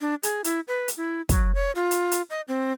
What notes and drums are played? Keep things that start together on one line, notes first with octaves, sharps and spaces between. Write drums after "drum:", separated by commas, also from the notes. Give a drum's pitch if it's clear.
D4
G#4, drum: hi-hat
E4, drum: hi-hat
B4
drum: hi-hat
E4
F#3, drum: kick, hi-hat
C#5
F4
drum: hi-hat
drum: hi-hat
D#5
C4